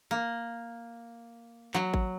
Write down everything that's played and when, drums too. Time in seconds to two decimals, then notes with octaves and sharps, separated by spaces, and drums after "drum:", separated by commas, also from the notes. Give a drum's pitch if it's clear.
0.11 A#3
1.74 F#3, drum: clap
1.94 drum: kick G#1